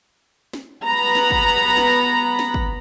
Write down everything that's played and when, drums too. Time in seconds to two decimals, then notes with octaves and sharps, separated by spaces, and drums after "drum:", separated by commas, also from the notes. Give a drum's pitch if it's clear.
0.53 drum: snare
0.84 B3 A#5 B5
1.15 drum: snare
1.31 drum: kick
1.77 drum: snare
2.39 drum: snare
2.54 drum: kick